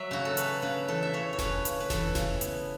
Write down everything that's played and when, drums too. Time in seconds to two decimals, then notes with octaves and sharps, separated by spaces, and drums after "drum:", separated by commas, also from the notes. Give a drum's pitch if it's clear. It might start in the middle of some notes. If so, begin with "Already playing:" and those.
Already playing: F#3 E5
0.11 C#3 F#4
0.25 A4
0.37 C#4 B4, drum: hi-hat
0.62 C#3 B4
0.88 E3 A4
1.03 E5
1.13 C#3 C#5
1.33 C#5
1.39 C#4 B4, drum: snare F1
1.65 C#3, drum: hi-hat
1.80 B4
1.90 E3 A4, drum: snare F1
2.15 C#3, drum: snare F1
2.41 B3, drum: hi-hat